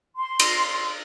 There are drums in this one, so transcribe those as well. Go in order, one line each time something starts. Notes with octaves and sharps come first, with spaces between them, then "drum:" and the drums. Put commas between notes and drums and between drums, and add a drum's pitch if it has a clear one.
C6
drum: cymbal